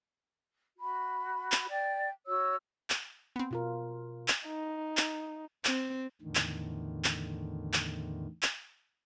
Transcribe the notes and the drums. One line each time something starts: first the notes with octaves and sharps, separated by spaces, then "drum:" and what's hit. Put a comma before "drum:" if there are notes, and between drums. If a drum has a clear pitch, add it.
F#4 B5
drum: clap
D5 G5
F#4 C#5 E6
drum: clap
B3 C4
B2 F4 A#4
drum: clap
D#4
drum: clap
C4, drum: clap
E2 A2 D3 D#3
drum: clap
drum: clap
drum: clap
drum: clap